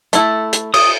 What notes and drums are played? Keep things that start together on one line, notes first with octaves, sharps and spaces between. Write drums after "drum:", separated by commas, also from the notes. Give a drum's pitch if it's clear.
A3 E4 A4, drum: hi-hat
drum: hi-hat
D#6, drum: cymbal